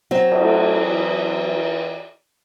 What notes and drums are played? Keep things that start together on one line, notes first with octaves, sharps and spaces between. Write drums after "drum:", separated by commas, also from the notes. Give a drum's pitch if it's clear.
F#3 C4
drum: cymbal
A3
E3